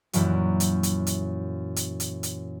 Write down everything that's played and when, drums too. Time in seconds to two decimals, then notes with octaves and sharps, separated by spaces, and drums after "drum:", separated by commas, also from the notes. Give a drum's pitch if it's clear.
0.13 F#2 A#2 E3 F#3, drum: hi-hat
0.60 drum: hi-hat
0.83 drum: hi-hat
1.07 drum: hi-hat
1.76 drum: hi-hat
2.00 drum: hi-hat
2.23 drum: hi-hat